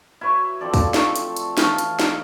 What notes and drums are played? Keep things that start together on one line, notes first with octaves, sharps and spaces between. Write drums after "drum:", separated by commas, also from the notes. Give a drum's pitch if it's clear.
E4 F#4 B4 C#5
F3 C4 A4 D5
drum: kick, open hi-hat
A3, drum: snare
drum: hi-hat
drum: hi-hat
E3 F5 A5 C#6, drum: snare
drum: hi-hat
drum: snare